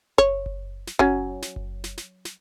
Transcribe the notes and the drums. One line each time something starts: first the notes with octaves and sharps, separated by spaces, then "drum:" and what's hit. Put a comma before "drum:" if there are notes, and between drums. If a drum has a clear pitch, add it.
C#5, drum: kick F#1
drum: kick F#1
drum: snare
F#3 C#4, drum: kick F#1
drum: snare
drum: kick F#1
drum: snare
drum: snare
drum: snare